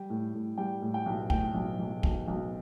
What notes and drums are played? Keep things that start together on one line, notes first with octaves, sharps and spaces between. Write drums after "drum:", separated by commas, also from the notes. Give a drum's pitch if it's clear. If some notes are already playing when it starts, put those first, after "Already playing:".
Already playing: G3 G5
A2
A2
G3 G5
A2
G5
B1
A2 G5, drum: kick
B1
B1
B1, drum: kick
B1